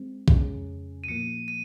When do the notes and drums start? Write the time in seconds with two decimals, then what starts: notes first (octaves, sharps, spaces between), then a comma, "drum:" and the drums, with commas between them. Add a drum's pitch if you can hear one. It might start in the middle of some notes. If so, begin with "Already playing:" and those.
Already playing: G#3 C4
0.28 F2 C#3 G#3 C#4 G#4, drum: kick
1.04 D#7
1.08 A#2 F3 A#3 C#7
1.48 D#7